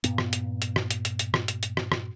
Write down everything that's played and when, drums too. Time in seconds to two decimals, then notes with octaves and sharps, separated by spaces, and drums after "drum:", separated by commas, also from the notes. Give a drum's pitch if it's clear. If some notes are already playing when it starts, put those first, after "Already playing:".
0.04 G2 A#2 B3, drum: hi-hat
0.18 drum: rim click
0.33 drum: hi-hat
0.62 drum: hi-hat
0.76 drum: rim click
0.91 drum: hi-hat
1.05 drum: hi-hat
1.19 drum: hi-hat
1.34 drum: rim click
1.48 drum: hi-hat
1.63 drum: hi-hat
1.77 drum: rim click
1.92 drum: rim click